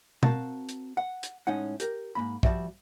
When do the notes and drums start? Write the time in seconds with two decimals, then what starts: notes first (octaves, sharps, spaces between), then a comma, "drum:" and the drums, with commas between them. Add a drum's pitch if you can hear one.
0.23 C4 F#4 A#4 F5 A5, drum: tom B2
0.69 drum: hi-hat
0.97 F#5
1.23 drum: hi-hat
1.47 A2 G#3 C#4 D#4 F#5
1.80 G4 A#4, drum: hi-hat
2.15 G#2 A#3 B5
2.43 F3 G3 F#4 D5 E5, drum: kick